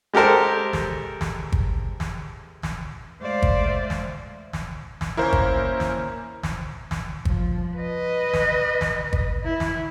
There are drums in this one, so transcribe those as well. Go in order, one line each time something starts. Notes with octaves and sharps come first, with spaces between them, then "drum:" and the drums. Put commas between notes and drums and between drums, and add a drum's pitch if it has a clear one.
G#3 G4 A4 A#4 C5
drum: snare
drum: snare
drum: kick
drum: snare
drum: snare
G#3 A3 C5 D5 E5 F5
drum: kick
drum: snare
drum: snare
drum: snare
A#3 C#4 E4 A#4 C5
drum: kick
drum: snare
drum: snare
drum: snare
F3, drum: kick
B4 D#5
drum: snare
drum: snare
drum: kick
E4
drum: snare